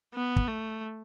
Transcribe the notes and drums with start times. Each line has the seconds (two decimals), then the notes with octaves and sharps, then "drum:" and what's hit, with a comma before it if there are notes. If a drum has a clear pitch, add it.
0.14 B3
0.36 drum: kick
0.48 A3